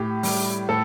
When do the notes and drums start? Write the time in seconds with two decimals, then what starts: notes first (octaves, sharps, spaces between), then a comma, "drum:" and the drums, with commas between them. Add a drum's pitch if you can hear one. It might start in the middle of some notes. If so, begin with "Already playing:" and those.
Already playing: A2 G4
0.23 G3, drum: open hi-hat
0.69 A2 A4